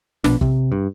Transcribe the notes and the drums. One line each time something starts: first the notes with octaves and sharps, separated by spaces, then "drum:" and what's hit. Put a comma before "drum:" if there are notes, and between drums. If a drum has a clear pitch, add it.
A#1 B2 D4, drum: snare
C3, drum: kick
G2